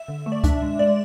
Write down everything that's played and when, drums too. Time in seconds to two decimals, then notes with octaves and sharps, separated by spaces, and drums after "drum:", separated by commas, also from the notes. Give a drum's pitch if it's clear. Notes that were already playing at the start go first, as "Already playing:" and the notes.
Already playing: E5
0.08 D3
0.26 A3
0.32 D5
0.44 D4 E5, drum: kick C#2, hi-hat
0.62 G#3
0.79 G#3 D5